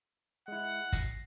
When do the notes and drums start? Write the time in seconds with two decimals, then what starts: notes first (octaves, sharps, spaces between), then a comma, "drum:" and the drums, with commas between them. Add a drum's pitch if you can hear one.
0.48 G#3 E4 F#5
0.93 A#6 C7, drum: kick, hi-hat